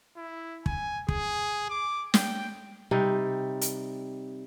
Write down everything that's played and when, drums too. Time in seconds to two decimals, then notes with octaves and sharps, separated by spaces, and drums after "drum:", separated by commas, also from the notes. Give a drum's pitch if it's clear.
0.17 E4
0.66 G#5, drum: kick
1.09 G#4, drum: kick
1.70 D6
2.14 G5, drum: snare
2.91 C3 G3 D#4
3.61 drum: hi-hat